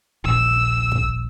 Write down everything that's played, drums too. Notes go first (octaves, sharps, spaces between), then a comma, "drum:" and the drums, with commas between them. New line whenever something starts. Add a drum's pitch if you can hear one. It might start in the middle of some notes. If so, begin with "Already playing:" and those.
D#1 A#1 E6
drum: kick